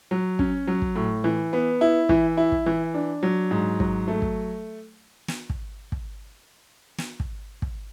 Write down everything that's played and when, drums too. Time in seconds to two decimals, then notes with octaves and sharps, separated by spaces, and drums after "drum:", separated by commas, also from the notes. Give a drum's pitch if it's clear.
0.11 F#3
0.39 C#4, drum: kick
0.67 F#3
0.82 drum: kick
0.96 A2
1.24 E3
1.53 B3
1.81 E4
2.09 E3, drum: kick
2.37 E4
2.52 drum: kick
2.66 E3
2.94 D4
3.23 F#3
3.51 G#2
3.80 F#3, drum: kick
4.08 A3
4.22 drum: kick
5.28 drum: snare
5.50 drum: kick
5.92 drum: kick
6.98 drum: snare
7.20 drum: kick
7.62 drum: kick